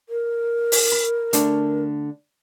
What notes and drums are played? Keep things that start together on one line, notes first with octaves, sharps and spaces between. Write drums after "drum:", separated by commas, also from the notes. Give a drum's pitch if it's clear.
A#4
drum: open hi-hat
B5
D3 A3 D4, drum: hi-hat